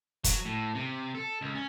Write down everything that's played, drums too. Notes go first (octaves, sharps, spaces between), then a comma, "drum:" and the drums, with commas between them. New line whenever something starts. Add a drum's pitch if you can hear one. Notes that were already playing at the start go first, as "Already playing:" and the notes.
F#3, drum: kick, hi-hat
A2
C3
A4
C#2
C#4